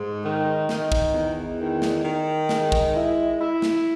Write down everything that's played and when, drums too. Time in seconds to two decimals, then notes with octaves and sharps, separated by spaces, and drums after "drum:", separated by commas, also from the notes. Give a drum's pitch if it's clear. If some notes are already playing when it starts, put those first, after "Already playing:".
Already playing: G#2
0.24 D#3
0.69 D#3, drum: snare
0.92 drum: kick
1.14 E2
1.60 D#3
1.82 drum: snare
2.04 D#3
2.49 G#3, drum: snare
2.72 drum: kick
2.95 E4
3.40 E4
3.62 drum: snare